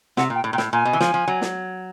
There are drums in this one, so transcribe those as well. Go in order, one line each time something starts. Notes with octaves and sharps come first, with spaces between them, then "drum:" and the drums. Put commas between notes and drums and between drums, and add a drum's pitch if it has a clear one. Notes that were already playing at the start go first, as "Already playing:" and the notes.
C3 F#5, drum: snare
A#2
G5
A2
A#2 G5
A2, drum: snare
A#2 G#5
B2
E3
F3, drum: snare
F3
F#3
drum: snare